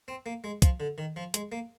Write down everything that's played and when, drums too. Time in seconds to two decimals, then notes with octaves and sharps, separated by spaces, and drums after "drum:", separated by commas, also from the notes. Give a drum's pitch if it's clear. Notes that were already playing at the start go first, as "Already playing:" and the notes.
0.08 C4
0.26 A#3
0.44 G#3
0.62 F3, drum: kick, hi-hat
0.80 D3
0.98 D#3
1.16 F3
1.34 G#3, drum: hi-hat
1.52 A#3